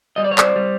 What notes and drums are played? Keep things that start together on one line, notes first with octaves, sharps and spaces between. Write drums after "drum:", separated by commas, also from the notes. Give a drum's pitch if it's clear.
G3 D#5
D5
C#5
C5 D5, drum: clap
G3